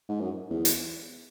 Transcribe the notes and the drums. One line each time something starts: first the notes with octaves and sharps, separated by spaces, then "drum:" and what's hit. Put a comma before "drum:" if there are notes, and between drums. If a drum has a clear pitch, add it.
G#2
F#2
E2
drum: hi-hat